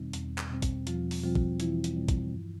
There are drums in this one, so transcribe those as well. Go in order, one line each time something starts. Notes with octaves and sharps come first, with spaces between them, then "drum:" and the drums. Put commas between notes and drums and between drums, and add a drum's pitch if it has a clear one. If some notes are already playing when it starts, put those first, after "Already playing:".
Already playing: E2 B2 D#3 G3 C4 D#4
E2, drum: hi-hat
drum: clap
B2 G3 C4
drum: kick, hi-hat
E2 F3 F4, drum: hi-hat
drum: open hi-hat
B2 F3 G3 C4 F4
drum: kick
E2 E3 E4, drum: hi-hat
drum: hi-hat
B2 G3 C4
drum: kick, hi-hat
G2